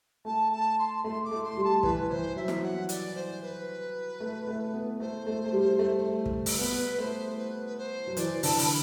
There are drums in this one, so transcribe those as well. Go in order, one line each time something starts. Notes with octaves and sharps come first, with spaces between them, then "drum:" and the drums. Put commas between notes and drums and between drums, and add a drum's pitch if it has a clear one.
A3 A5
A5
C6
A3 C6
D6
A3
C6
G3
A5
E3 B4, drum: kick
E3 C5
F#3 E5
drum: snare
F#5
D5, drum: hi-hat
C5
B4
A3
A3
B3
A3 C5
A3
A3
G3
A3
drum: kick
drum: open hi-hat
B3 B4
A3 C5
B4
B4
C5
F#3
E3 D5, drum: hi-hat
D3 A5, drum: open hi-hat
B5, drum: open hi-hat